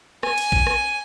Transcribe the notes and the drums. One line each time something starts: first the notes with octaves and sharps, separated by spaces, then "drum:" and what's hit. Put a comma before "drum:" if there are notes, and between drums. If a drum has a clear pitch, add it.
G#5, drum: rim click
drum: cymbal
drum: kick A#1
drum: rim click